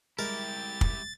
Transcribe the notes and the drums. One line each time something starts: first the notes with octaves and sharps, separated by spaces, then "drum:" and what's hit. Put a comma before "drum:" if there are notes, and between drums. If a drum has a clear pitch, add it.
G3 G#3 E4 G4 A#4 A6
drum: kick